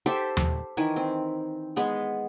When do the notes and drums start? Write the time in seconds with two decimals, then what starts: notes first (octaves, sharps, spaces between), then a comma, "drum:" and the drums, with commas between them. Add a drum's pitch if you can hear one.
0.06 G4 A4 C5 E5
0.37 drum: tom D#2
0.77 D#3 E3 G#5
0.96 C4
1.76 G#3 B3 G#4